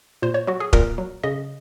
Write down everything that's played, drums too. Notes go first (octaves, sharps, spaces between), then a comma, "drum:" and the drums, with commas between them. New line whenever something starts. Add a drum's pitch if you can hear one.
A#2 C5
C#5
F#3 F#4
G#4
A#2 A#4, drum: kick D#1
F#3
C#3 D#5